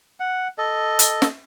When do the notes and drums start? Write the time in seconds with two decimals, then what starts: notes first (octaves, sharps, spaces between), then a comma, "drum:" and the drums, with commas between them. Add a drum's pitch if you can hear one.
0.20 F#5
0.58 A4 D#5
0.99 drum: hi-hat
1.22 drum: snare